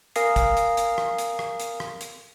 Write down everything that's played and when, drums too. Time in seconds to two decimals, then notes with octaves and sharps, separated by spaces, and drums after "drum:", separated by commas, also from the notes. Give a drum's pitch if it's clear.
0.16 A#4 F5 G#5 D#6 A#6 C7, drum: hi-hat
0.36 drum: kick, hi-hat
0.57 drum: hi-hat
0.77 drum: hi-hat
0.98 drum: rim click
1.18 drum: hi-hat
1.39 drum: rim click
1.60 drum: hi-hat
1.80 drum: rim click
2.01 drum: hi-hat